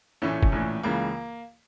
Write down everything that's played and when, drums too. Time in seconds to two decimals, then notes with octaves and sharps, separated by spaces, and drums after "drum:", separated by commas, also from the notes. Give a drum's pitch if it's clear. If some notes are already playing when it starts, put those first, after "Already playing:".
0.22 A#1 A2 E3 A3 C#4
0.43 drum: kick
0.52 A#1 A2 E3
0.83 C#2 C#3 E3 A#3